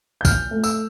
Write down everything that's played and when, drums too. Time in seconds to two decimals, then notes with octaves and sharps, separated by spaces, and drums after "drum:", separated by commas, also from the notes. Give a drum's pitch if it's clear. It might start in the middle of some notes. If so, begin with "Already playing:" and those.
0.21 G6
0.25 A#2 F6, drum: kick, tambourine
0.51 A3
0.64 E6, drum: tambourine